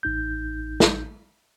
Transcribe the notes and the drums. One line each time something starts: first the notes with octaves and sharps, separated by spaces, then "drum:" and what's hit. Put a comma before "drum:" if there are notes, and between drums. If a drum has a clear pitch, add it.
A1 D#4 G6
drum: snare